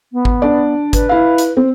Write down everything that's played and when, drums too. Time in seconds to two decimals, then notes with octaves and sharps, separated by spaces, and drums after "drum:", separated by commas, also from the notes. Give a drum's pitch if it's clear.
0.13 B3
0.25 drum: kick G#1
0.42 D4 D5
0.93 B4, drum: kick G#1, hi-hat
1.09 E4 F5
1.38 drum: hi-hat
1.57 C4